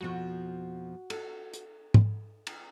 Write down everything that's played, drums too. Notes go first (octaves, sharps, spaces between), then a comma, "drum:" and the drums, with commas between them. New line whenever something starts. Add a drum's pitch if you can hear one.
F2 B2 F3 F#4
A4, drum: cymbal
drum: hi-hat
drum: tom G#2
drum: cymbal